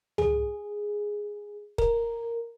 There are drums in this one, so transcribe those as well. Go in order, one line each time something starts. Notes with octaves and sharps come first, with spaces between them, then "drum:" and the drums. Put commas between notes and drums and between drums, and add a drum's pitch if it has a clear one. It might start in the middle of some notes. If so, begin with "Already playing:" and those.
G#4, drum: tom C#2
A#4, drum: kick